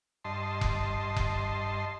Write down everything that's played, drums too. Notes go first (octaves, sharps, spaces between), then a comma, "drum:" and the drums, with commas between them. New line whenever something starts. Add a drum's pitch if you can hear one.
G2 D#5 A5 C6
drum: kick F1
drum: kick F1